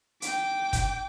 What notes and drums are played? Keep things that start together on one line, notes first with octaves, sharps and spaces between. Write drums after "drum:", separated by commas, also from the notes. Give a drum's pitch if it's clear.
G5 D6, drum: hi-hat
drum: kick, hi-hat